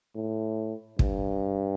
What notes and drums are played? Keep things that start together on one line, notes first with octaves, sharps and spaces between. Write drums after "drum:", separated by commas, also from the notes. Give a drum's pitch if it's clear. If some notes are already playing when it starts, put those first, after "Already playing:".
A2
G2, drum: kick